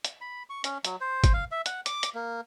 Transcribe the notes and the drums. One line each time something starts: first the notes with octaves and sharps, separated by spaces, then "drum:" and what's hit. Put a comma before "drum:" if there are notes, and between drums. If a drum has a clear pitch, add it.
drum: hi-hat
B5
C#6
C#4, drum: hi-hat
F#3, drum: hi-hat
C5
drum: kick, hi-hat
F5
E5
F#5, drum: hi-hat
D6, drum: hi-hat
drum: hi-hat
A#3